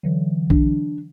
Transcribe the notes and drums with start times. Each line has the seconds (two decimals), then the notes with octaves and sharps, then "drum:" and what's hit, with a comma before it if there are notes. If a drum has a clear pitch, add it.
0.03 D3 E3 F#3
0.50 D4, drum: kick A#1